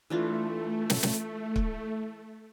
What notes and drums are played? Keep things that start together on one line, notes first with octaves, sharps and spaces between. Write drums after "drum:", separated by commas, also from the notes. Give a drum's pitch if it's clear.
E3 A3 D4 F4
drum: snare
drum: snare
drum: kick